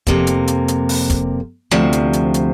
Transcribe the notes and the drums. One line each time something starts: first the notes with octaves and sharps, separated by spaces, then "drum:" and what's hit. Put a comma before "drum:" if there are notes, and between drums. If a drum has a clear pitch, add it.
F2 C3 A#3, drum: kick, hi-hat
drum: hi-hat
drum: hi-hat
drum: hi-hat
drum: open hi-hat
drum: kick, hi-hat
D2 C3 F3, drum: snare
drum: hi-hat
drum: hi-hat
drum: hi-hat